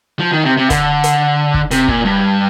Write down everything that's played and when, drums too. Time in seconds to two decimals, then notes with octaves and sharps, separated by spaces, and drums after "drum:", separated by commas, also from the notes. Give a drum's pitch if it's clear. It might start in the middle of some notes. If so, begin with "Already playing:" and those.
0.19 F3
0.32 D#3
0.45 C3
0.57 C3
0.70 D3, drum: kick, hi-hat
1.04 drum: hi-hat
1.54 drum: kick
1.71 C3, drum: hi-hat
1.88 A#2, drum: kick
2.05 G2